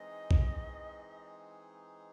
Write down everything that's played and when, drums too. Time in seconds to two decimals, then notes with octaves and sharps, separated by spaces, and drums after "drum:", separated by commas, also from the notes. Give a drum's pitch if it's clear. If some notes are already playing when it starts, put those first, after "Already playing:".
Already playing: E3 G#3 C4 D#4 G#4 D#5
0.31 drum: kick